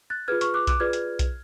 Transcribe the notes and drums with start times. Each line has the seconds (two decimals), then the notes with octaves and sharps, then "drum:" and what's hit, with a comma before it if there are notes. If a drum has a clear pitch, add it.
0.10 F#6 A6
0.28 F4 G#4 B4 F6 G#6
0.41 C#6 F6, drum: hi-hat
0.54 D6 F#6
0.67 D6 F#6, drum: kick B1, hi-hat
0.80 F4 G#4 B4 D5 F6 G#6
0.93 drum: hi-hat
1.19 drum: kick B1, hi-hat